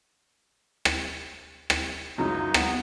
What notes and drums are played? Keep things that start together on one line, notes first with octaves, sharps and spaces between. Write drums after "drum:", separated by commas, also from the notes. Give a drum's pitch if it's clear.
drum: rim click
drum: rim click
C#2 F#2 F#3 D#4
B3, drum: rim click